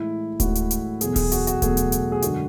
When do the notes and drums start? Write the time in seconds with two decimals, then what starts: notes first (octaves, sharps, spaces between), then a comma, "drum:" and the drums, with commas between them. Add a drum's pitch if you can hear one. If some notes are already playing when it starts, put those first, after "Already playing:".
Already playing: A2 E3 G#3 E4
0.40 A2 E3 G#3 F#4, drum: kick D1, hi-hat
0.55 drum: hi-hat
0.71 drum: hi-hat
1.01 E2 B2 F#3 A3 G#4, drum: hi-hat
1.16 G#4, drum: kick D1, open hi-hat
1.32 F#4, drum: hi-hat
1.47 F#4, drum: hi-hat
1.62 E2 B2 F#3 A3 G#4, drum: kick D1, hi-hat
1.77 drum: hi-hat
1.92 drum: hi-hat
2.12 G#4
2.22 F#2 D3 G#3 F#4, drum: hi-hat